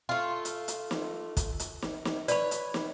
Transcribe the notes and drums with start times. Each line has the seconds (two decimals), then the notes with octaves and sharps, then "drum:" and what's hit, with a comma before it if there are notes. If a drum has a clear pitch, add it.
0.09 A3 F4
0.45 drum: hi-hat
0.68 drum: hi-hat
0.91 drum: snare
1.37 drum: kick, hi-hat
1.60 drum: hi-hat
1.82 drum: snare
2.05 drum: snare
2.28 B4 C#5 D5 B5, drum: hi-hat
2.51 drum: hi-hat
2.74 drum: snare